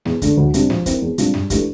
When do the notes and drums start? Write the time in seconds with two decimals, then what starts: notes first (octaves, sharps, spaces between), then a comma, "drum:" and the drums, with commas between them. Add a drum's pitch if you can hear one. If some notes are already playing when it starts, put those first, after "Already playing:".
0.05 E2, drum: snare
0.22 D3 A3, drum: kick, hi-hat
0.37 D2
0.54 C3 G3 D4 G4, drum: hi-hat
0.70 F3, drum: snare
0.86 C4 E4 A#4, drum: kick, hi-hat
1.02 E2
1.18 C3 G3 D4 F4, drum: hi-hat
1.34 G2, drum: snare
1.50 E3 A3 D4 G4, drum: kick, hi-hat